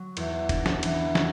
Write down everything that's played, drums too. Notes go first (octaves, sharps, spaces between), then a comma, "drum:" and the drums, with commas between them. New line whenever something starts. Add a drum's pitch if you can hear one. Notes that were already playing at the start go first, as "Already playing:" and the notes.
Already playing: F#3
E2, drum: cymbal
D4, drum: kick F1, cymbal
drum: snare
E3, drum: cymbal
drum: snare